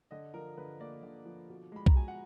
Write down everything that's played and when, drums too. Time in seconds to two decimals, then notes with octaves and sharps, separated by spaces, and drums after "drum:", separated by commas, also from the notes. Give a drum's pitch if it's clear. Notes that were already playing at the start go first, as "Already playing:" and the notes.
0.11 D3 D#5
0.34 F3 A#4
0.57 D3 B4
0.80 A#3 D5
1.03 D3
1.25 F3
1.49 B2
1.72 G#3 B5
1.86 A#5, drum: kick B1
1.95 B2 G#5
2.08 F#5